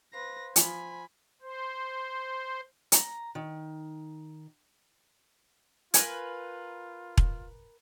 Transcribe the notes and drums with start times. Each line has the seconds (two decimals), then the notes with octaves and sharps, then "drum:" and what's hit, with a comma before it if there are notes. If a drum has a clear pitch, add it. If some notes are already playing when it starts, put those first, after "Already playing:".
0.13 B4 C5 F5 C6 A#6
0.56 F3 G#5 B5, drum: hi-hat
1.42 C5
2.92 A#5, drum: hi-hat
3.35 D#3
5.94 F4 A#4 B4 G#5, drum: hi-hat
7.17 drum: kick E1